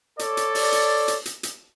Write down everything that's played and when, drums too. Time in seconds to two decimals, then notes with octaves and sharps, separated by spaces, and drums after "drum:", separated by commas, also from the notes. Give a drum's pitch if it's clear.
0.19 A4 C#5 D5, drum: hi-hat
0.37 drum: hi-hat
0.55 drum: open hi-hat
0.72 drum: hi-hat
1.08 drum: hi-hat
1.26 drum: hi-hat
1.43 drum: hi-hat